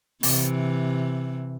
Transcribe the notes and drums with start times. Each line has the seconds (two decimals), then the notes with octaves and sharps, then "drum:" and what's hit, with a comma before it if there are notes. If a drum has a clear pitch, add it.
0.23 C3 E3, drum: open hi-hat